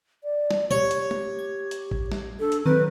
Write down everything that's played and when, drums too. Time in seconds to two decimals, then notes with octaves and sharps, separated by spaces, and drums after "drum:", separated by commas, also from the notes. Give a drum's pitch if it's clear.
0.24 D5
0.51 drum: snare
0.71 G4 C#5, drum: tom
0.91 drum: hi-hat
1.11 drum: tom
1.39 G#6
1.71 drum: hi-hat
1.91 drum: kick
2.12 drum: snare
2.40 D4 A4
2.52 drum: hi-hat
2.66 D#3 F#3 C4 B4